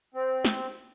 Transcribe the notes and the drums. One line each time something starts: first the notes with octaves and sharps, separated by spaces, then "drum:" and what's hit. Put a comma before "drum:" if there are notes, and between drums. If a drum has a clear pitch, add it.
C4
drum: snare